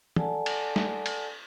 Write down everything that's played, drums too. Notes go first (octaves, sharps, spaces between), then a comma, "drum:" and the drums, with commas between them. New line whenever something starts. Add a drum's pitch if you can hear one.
A4 D5 F#5 G#5 A5, drum: tom
drum: cymbal
drum: snare
drum: cymbal